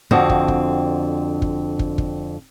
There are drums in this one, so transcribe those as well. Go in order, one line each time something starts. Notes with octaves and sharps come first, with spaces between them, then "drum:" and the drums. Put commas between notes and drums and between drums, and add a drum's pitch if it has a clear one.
F2 D3 C4 F#4 D#5
drum: kick
drum: kick
drum: kick
drum: kick
drum: kick